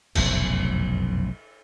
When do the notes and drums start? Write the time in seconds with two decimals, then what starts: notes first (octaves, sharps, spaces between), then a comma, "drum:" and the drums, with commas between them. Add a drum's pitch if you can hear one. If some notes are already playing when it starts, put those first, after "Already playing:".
0.15 F1 B1 F#2 A2, drum: cymbal